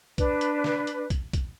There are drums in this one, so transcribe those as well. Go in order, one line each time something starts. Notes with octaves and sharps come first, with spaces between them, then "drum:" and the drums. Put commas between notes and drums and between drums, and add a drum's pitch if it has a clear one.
D4 B4, drum: kick, hi-hat
drum: hi-hat
drum: snare
drum: hi-hat
drum: kick, hi-hat
drum: kick, hi-hat